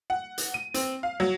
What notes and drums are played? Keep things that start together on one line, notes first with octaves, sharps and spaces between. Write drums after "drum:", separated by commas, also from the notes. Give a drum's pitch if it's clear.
F#5
drum: hi-hat
D#7
C4, drum: hi-hat
F5
F#3